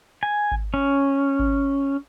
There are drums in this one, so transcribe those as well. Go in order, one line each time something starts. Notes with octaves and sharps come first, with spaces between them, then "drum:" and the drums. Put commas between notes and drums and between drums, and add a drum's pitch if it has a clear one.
G#5
drum: kick G#1
C#4
drum: kick G#1